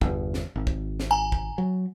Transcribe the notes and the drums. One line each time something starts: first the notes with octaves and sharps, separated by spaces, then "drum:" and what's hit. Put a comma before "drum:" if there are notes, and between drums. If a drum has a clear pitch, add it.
G1 E2, drum: kick
drum: snare
G#1
drum: kick
drum: snare
G#5 A#5
drum: kick
F#3